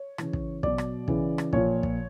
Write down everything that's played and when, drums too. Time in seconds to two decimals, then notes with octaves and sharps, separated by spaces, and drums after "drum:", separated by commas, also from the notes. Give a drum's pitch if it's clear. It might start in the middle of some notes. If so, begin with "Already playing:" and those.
Already playing: C#5
0.18 C#3 E3, drum: rim click
0.33 drum: kick
0.63 B2 F#3 D5, drum: kick
0.78 drum: rim click
1.08 C#3 E3, drum: kick
1.38 drum: rim click
1.53 A#2 F3 C#5, drum: kick
1.83 drum: kick